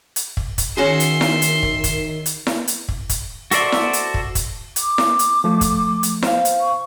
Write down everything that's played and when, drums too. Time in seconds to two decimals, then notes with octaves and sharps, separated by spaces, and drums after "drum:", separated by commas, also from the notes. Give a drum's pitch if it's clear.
0.16 drum: hi-hat
0.37 drum: kick
0.58 drum: kick, hi-hat
0.77 D#3 C#4 F#4 G#4 E5 C6 C7
1.00 drum: hi-hat
1.21 drum: snare E4
1.42 drum: hi-hat
1.63 drum: kick
1.84 drum: kick, hi-hat
2.26 drum: hi-hat
2.47 drum: snare E4
2.68 drum: hi-hat
2.89 drum: kick
3.09 drum: kick, hi-hat
3.51 F#4 A4 C5 D5 E5, drum: hi-hat
3.72 drum: snare E4
3.93 drum: hi-hat
4.14 drum: kick
4.35 drum: kick, hi-hat
4.76 D6, drum: hi-hat
4.98 drum: snare E4
5.19 drum: hi-hat
5.44 F3 A3
5.61 drum: kick, hi-hat
6.03 drum: hi-hat
6.23 C5 F5, drum: snare E4
6.45 drum: hi-hat
6.60 C#6